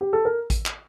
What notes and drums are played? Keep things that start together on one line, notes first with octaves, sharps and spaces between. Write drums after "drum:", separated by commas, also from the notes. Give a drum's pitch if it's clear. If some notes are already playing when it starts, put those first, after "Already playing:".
G4
A4
A#4
drum: kick A1, hi-hat
drum: clap